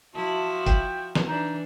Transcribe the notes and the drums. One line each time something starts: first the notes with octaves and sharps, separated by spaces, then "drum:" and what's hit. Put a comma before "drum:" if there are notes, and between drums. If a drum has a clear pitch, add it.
F3 E4 F#4 A5
G5, drum: kick, hi-hat
drum: snare
E3 D4 D#4